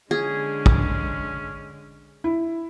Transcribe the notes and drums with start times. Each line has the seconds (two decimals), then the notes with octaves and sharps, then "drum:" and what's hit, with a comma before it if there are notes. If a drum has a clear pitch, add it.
0.11 D3 G#3 C#4 G#4
0.66 drum: kick
2.24 E4